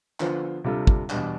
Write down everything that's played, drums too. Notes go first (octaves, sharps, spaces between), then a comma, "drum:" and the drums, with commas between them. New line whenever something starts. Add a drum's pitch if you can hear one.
D3 F3 B3 F4 C5, drum: clap
C3 G3 D4 F4 A4
drum: kick
E2 B2 G3 D4, drum: clap